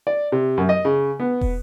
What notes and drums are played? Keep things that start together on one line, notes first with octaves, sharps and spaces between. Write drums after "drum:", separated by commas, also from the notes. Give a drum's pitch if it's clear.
D5
C3
F#2
D#5
C#3
B3
drum: kick